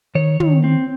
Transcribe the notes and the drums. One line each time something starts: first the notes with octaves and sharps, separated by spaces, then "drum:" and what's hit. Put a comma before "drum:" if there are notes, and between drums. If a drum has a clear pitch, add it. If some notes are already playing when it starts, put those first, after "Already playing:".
D#3 C#5
D#3, drum: tom
C4